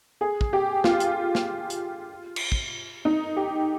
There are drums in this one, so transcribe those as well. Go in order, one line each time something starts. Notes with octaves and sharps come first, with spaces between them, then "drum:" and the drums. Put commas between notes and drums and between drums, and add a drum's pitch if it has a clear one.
G#4
drum: kick
G4
F4, drum: snare
drum: hi-hat
drum: snare
drum: hi-hat
drum: cymbal
drum: kick
D#4
G4